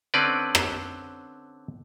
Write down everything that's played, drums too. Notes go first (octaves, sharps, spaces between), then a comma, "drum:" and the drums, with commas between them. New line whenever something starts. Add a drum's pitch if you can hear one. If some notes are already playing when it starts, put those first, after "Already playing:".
D3 C4 C#4 B4 D5
drum: rim click